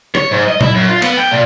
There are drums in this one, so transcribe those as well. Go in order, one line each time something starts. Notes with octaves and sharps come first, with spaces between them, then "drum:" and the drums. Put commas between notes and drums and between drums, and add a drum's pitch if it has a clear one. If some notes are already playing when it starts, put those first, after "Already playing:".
C#5, drum: rim click
G#2
D#5
E4, drum: tom A#2
F#2
F4
B3, drum: cymbal
G5
A#2